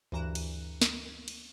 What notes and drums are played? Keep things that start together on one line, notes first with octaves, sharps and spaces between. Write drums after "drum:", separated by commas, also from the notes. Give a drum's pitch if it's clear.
D2 G2 E3 A#5 F#6 E7
drum: cymbal
drum: snare
drum: cymbal